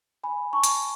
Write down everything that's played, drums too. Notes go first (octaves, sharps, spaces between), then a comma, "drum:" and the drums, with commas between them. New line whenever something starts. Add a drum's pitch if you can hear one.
G#5 B5
A5 C#6
drum: hi-hat